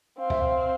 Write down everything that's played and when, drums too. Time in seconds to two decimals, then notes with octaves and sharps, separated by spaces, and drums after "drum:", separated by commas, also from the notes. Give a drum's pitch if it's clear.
0.19 C4 F5
0.30 E5, drum: kick C#2
0.41 F5